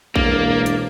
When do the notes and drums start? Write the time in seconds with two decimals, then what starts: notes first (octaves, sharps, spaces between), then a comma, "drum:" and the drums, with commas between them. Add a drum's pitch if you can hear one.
0.16 E1 A#3 D4, drum: kick A#1
0.66 drum: hi-hat